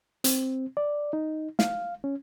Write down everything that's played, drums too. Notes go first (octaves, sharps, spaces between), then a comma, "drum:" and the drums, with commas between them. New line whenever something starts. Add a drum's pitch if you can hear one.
C4, drum: hi-hat
D5
D#4
F5, drum: snare
C#4